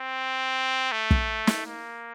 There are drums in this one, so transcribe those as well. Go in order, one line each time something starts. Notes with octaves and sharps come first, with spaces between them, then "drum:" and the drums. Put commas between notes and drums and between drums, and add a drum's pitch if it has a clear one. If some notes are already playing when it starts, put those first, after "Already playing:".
Already playing: C4
A3
drum: kick
drum: snare
A#3